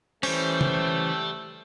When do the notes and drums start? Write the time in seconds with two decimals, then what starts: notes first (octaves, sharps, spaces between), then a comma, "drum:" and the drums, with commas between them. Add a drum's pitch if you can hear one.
0.23 E3 G3 A3 C#4 C5, drum: open hi-hat
0.61 drum: tom C#3